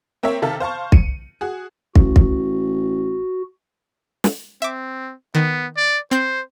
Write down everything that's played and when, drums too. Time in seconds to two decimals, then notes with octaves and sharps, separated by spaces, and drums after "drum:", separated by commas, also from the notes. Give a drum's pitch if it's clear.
0.23 A#3 C4 A#4 C#5 E5
0.42 C3 D#3 A4 E5 F5
0.60 C5 F5 A5 C#6
0.92 C#7 D#7, drum: kick
1.41 F#4 G#4
1.95 A1 F#4, drum: kick
2.16 drum: kick
4.24 drum: snare
4.62 C4 E5 D6
5.35 D#3 B3
5.77 D5
6.11 C4 C5 G6